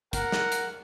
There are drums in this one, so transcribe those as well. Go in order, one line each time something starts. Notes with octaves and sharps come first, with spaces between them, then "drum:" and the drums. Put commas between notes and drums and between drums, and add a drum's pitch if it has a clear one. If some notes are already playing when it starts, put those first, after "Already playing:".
A#4 F#5, drum: kick, hi-hat
drum: snare
drum: hi-hat